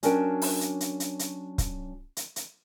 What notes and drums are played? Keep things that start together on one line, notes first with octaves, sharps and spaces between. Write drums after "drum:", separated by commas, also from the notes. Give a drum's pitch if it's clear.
F#3 C#4 D4 F#4 A#4 G5, drum: hi-hat
drum: open hi-hat
drum: hi-hat
drum: hi-hat
drum: hi-hat
drum: hi-hat
drum: kick, hi-hat
drum: hi-hat
drum: hi-hat